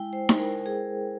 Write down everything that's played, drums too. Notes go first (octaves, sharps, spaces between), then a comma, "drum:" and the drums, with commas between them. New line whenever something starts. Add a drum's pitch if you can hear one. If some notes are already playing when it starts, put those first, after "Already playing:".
Already playing: G#3 E4 G5
C5
drum: snare D#4
A#4
G#4